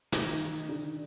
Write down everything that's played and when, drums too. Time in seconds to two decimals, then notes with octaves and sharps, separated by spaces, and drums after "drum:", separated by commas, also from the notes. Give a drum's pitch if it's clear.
0.12 D#3 D#4, drum: snare
0.69 D3 D4